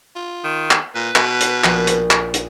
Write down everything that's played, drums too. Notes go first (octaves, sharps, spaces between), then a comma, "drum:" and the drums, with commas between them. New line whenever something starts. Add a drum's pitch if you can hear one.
F4
D#3
drum: clap
A#2 B4
B2, drum: clap
drum: hi-hat
A#1 G6, drum: clap
drum: hi-hat
drum: clap
drum: hi-hat